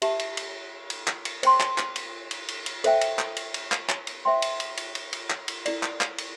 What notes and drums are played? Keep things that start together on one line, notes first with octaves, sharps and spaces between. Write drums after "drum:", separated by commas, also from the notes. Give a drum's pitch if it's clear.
G4 E5 A5, drum: cymbal
drum: cymbal
drum: cymbal
drum: cymbal
drum: clap
drum: cymbal
C5 G5 C6, drum: cymbal
drum: clap
drum: clap
drum: cymbal
drum: cymbal
drum: cymbal
drum: cymbal
A4 C5 E5 G5, drum: cymbal
drum: cymbal
drum: clap
drum: cymbal
drum: cymbal
drum: clap
drum: clap
drum: cymbal
C5 E5 G5 C6
drum: cymbal
drum: cymbal
drum: cymbal
drum: cymbal
drum: cymbal
drum: clap
drum: cymbal
E4 A4 D5, drum: cymbal
drum: clap
drum: clap
drum: cymbal